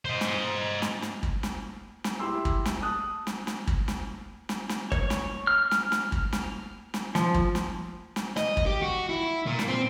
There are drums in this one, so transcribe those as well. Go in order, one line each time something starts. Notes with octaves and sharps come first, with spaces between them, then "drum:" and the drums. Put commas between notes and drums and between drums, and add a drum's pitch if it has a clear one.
C5 D#5
drum: snare
drum: snare
drum: snare
drum: kick
drum: snare
drum: snare
E4 G4 C6 E6
drum: kick
drum: snare
A5 D#6 F#6
drum: snare
drum: snare
drum: kick
drum: snare
drum: snare
drum: snare
C#5, drum: kick
drum: snare
F6
drum: snare
drum: snare
drum: kick
drum: snare
drum: snare
F3, drum: snare
drum: kick
drum: snare
drum: snare
D#5, drum: snare
drum: kick
G4
F#4
E4
A#2
drum: snare
C4